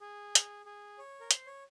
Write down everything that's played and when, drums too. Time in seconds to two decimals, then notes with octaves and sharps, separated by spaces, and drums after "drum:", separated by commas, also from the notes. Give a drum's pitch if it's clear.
0.01 G#4
0.35 drum: hi-hat
0.66 G#4
0.98 C#5
1.20 A#4
1.31 C5, drum: hi-hat
1.47 C#5